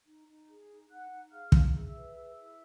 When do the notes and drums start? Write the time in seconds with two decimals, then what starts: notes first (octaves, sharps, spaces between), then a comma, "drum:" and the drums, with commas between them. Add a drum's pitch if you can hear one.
0.07 D#4
0.27 D#4
0.49 G#4
0.69 D#4
0.90 D#4 F#5 F#6
1.11 D#4
1.32 G#4 F5 F6
1.52 D#4, drum: kick
1.73 G#4 E5 E6
1.94 B4
2.16 G#4
2.36 E4